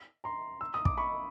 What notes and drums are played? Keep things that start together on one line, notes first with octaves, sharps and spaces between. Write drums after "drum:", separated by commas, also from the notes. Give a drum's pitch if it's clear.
A#5 C6
E6
D#6
D6, drum: kick
B5 C#6